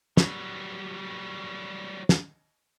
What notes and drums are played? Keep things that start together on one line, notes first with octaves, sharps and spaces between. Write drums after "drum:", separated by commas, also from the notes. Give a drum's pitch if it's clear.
F#3 G3, drum: snare
drum: snare